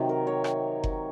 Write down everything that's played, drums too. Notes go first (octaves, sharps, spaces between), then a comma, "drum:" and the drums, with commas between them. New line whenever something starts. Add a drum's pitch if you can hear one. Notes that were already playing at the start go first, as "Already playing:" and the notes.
Already playing: C3 D#3 F#3
A#4
C#5
drum: rim click
drum: kick F#1